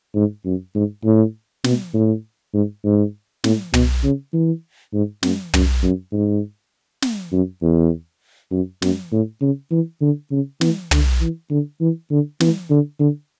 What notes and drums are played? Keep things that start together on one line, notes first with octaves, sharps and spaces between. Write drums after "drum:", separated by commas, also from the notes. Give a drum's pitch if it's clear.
G#2
F#2
G#2
A2
B2, drum: snare
A2
G#2
G#2
A2, drum: snare
B2, drum: tom
C#3
E3
G#2
F#2, drum: snare
F#2, drum: tom
F#2
G#2
drum: snare
F#2
E2
F#2
F#2, drum: snare
A2
C#3
E3
D3
C#3
E3, drum: snare
D3, drum: tom
E3
D3
E3
D3
E3, drum: snare
D3
D3